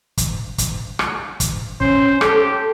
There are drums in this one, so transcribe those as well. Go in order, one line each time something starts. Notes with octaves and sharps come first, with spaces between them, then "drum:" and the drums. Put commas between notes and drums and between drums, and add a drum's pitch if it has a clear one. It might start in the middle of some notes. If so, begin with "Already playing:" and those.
drum: kick, hi-hat
drum: kick, hi-hat
drum: rim click
drum: kick, hi-hat
C#4 C5, drum: kick
G4 A4, drum: rim click